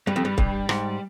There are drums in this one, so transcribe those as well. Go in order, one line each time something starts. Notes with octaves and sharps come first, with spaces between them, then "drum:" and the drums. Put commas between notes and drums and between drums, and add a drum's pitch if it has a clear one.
G2 G3
F2
G2
G2, drum: kick
G#2, drum: rim click